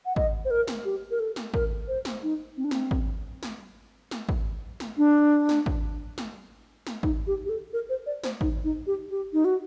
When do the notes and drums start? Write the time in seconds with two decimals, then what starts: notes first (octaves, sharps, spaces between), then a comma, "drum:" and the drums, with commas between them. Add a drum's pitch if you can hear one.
0.06 F#5
0.16 D#5, drum: kick
0.45 C5
0.51 A#4
0.67 drum: snare
0.85 G4
1.11 A#4
1.20 A4
1.36 drum: snare
1.54 A#4, drum: kick
1.88 C5
2.05 drum: snare
2.23 D#4
2.57 C4
2.64 D4
2.71 C4, drum: snare
2.91 drum: kick
3.43 drum: snare
4.11 drum: snare
4.29 drum: kick
4.80 drum: snare
4.98 D4
5.49 drum: snare
5.66 drum: kick
6.18 drum: snare
6.87 drum: snare
7.03 D#4, drum: kick
7.27 G4
7.46 G4
7.49 A4
7.73 A#4
7.89 C5
8.06 D5
8.24 C5, drum: snare
8.41 D#4, drum: kick
8.64 D#4
8.87 G4
9.11 G4
9.33 D#4
9.45 F#4